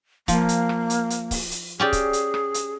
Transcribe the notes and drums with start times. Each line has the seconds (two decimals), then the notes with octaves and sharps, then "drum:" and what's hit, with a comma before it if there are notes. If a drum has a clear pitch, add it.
0.28 F3 A#3, drum: kick C#1, hi-hat
0.49 drum: hi-hat
0.69 drum: rim click
0.90 drum: hi-hat
1.10 drum: hi-hat
1.31 drum: kick C#1, open hi-hat
1.51 drum: hi-hat
1.80 C#4 G4 G#4 D5
1.93 drum: kick C#1, hi-hat
2.13 drum: hi-hat
2.34 drum: rim click
2.54 drum: hi-hat